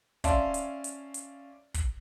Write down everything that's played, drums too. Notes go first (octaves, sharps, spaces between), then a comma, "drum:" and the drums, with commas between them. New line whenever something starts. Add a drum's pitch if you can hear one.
C#4 D5 E5 F5 A5 C6, drum: kick, hi-hat
drum: hi-hat
drum: hi-hat
drum: hi-hat
drum: kick, hi-hat